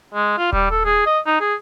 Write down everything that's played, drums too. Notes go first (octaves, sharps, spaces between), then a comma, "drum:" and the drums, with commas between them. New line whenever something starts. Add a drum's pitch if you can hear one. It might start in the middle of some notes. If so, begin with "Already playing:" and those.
G#3
F4
G3, drum: kick D#1
A4
G#4
D#5
D#4
G#4